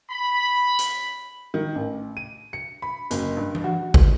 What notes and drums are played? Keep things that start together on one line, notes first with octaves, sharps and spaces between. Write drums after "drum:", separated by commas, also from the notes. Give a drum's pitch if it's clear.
B5
drum: hi-hat
D#3
A1
D#7
C#7
B5
F#1, drum: hi-hat
G2
drum: tom E3
F#4
drum: kick G#1